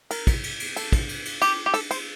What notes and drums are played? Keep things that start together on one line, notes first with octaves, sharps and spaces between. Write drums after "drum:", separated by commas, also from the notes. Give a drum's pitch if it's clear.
A#4, drum: cymbal
drum: kick, cymbal
drum: cymbal
drum: cymbal
A4, drum: cymbal
drum: kick, cymbal
drum: cymbal
drum: cymbal
G4, drum: cymbal
G4
A4, drum: cymbal
C5, drum: cymbal